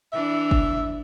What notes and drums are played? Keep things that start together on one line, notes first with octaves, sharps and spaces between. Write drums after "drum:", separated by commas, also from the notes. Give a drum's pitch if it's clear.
E3 D4 E5
drum: kick